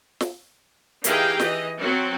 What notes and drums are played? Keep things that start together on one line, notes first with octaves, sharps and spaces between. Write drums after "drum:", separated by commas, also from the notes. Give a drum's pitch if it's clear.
drum: snare
E3 D#4 G4 G#4 F5 G5, drum: hi-hat
E3 D#5, drum: snare
F#3 C4